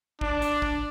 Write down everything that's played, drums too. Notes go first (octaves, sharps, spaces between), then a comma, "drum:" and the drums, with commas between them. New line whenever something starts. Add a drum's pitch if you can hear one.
D4, drum: kick
drum: hi-hat
drum: kick